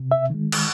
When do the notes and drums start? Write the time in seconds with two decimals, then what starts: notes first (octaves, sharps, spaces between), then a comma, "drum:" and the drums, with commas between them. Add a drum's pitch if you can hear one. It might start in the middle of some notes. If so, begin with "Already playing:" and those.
Already playing: C3
0.11 E5
0.30 D#3 G#3
0.52 drum: cymbal